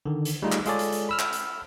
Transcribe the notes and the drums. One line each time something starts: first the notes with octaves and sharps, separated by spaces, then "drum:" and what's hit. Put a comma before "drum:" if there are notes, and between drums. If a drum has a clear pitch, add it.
D3 D#3
drum: hi-hat
G3 A3 D#4 F4 G#4
drum: clap
G#3 F4 G#4 A4 C#5 D5, drum: hi-hat
drum: hi-hat
drum: hi-hat
B5 E6 F6
drum: clap
drum: hi-hat